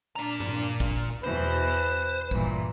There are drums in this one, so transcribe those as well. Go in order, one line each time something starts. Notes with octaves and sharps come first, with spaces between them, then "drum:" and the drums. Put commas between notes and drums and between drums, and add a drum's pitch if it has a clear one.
A#2 D4 A#5
drum: tom G2
drum: kick
E2 B2 E3 B4 C5
G2 A#2 E3, drum: kick